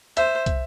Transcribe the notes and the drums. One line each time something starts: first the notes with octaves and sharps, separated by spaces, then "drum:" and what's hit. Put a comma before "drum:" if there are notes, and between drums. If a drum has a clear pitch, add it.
C5 E5, drum: hi-hat
drum: kick, hi-hat